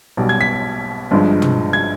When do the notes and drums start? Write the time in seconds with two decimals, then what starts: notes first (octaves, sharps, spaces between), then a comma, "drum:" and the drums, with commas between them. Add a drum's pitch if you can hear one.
0.17 B1 B2 G3
0.29 G#6
0.41 B6
1.11 G1 G2 F3 G#3
1.42 drum: tom
1.73 G#6